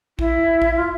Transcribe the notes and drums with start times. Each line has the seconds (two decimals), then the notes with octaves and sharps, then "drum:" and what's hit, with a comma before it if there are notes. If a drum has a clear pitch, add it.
0.19 E4, drum: kick
0.62 drum: kick
0.76 F4